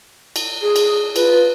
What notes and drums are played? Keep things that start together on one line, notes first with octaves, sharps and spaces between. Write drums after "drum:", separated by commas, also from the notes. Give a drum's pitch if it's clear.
drum: cymbal
G#4
drum: cymbal
F4 B4, drum: cymbal